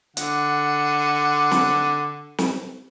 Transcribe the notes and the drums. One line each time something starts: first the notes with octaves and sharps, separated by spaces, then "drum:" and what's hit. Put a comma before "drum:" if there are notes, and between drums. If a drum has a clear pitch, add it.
D3 F#5, drum: hi-hat
drum: snare
drum: snare